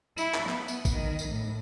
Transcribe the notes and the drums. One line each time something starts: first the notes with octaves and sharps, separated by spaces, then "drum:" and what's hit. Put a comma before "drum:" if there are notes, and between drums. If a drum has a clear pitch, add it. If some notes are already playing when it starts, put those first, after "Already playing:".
E4, drum: tambourine
drum: clap
B3, drum: clap
drum: tambourine
drum: kick, tambourine
D#3
drum: tambourine
A2